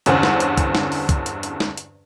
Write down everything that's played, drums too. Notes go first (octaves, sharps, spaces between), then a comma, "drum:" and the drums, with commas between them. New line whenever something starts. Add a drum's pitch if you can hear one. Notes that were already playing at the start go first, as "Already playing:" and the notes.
E2 G2 D3 C#4 C5 F#5, drum: hi-hat
drum: snare
drum: hi-hat
drum: kick, hi-hat
drum: snare
drum: open hi-hat
drum: kick, hi-hat
drum: hi-hat
drum: hi-hat
drum: snare
drum: hi-hat